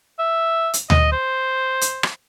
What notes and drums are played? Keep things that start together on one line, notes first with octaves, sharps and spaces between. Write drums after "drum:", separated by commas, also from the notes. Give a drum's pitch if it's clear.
E5
drum: hi-hat
D#5, drum: tom D2
C5
drum: hi-hat
drum: rim click